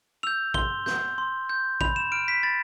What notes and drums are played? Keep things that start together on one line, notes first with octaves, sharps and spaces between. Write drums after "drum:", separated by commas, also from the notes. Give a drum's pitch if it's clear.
E6 G6 F7
C6 G7, drum: kick
G6, drum: snare
C6
G6
B5 F7, drum: kick
E7
F6 D7
B6
B5 A6